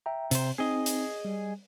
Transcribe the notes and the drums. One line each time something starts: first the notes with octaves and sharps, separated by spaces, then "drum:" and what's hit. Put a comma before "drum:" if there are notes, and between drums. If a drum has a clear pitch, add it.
E5 G5 A#5
C3 C5, drum: hi-hat
C4 D#4 G#4 D#5
drum: hi-hat
G3